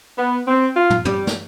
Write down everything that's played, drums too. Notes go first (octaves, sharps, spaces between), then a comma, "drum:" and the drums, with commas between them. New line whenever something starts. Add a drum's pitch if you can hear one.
B3
C4
F4
drum: tom
G3, drum: tom
drum: snare